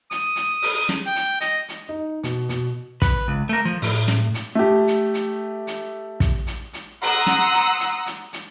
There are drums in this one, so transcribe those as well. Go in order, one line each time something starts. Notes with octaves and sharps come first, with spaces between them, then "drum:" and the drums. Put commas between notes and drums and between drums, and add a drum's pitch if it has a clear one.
D#6, drum: hi-hat
drum: hi-hat
drum: open hi-hat
drum: snare
G5
drum: hi-hat
D#5, drum: hi-hat
drum: hi-hat
D#4
B2, drum: hi-hat
B2, drum: hi-hat
B4, drum: kick, hi-hat
C#2
A3 A#4
F3
A2, drum: open hi-hat
drum: snare
drum: hi-hat
A3 G4
drum: hi-hat
drum: hi-hat
drum: hi-hat
drum: kick, hi-hat
drum: hi-hat
drum: hi-hat
F#5 A#5 C6 D#6 E6, drum: open hi-hat
drum: snare
drum: hi-hat
drum: hi-hat
drum: hi-hat
drum: hi-hat